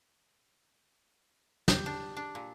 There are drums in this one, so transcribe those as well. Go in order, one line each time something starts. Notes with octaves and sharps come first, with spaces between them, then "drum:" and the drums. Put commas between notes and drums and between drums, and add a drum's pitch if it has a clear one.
G4, drum: snare
D4
D4
A#2